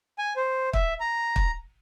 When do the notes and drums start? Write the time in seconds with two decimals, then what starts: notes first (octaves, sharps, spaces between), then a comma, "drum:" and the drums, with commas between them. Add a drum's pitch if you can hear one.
0.18 G#5
0.36 C5
0.73 E5, drum: kick
1.00 A#5
1.36 drum: kick